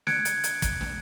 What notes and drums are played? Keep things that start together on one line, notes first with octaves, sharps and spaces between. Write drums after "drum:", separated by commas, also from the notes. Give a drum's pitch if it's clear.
F#6 G#6 C#7 D7, drum: snare
drum: hi-hat
drum: hi-hat
drum: kick, hi-hat
drum: snare